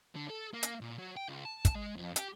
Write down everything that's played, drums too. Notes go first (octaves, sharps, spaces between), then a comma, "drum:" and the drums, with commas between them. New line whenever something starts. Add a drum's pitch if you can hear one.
D3
A4
A#3
drum: hi-hat
A#2
F#3
G5
C#2
A5
drum: kick, hi-hat
G#3
F2
G4, drum: hi-hat